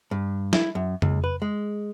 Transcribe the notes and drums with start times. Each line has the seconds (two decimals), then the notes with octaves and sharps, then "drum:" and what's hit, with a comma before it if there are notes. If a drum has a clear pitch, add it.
0.11 G2
0.53 E4, drum: snare
0.75 F#2
1.02 C#2, drum: tom
1.24 B4
1.42 G#3